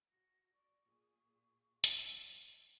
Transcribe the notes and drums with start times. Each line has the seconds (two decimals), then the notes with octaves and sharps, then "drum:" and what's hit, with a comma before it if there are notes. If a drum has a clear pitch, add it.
0.10 F#4 A#6
0.54 D5 C#6
0.85 A#2 F4 G#4
1.84 drum: hi-hat
1.96 G#3 C#5 D#5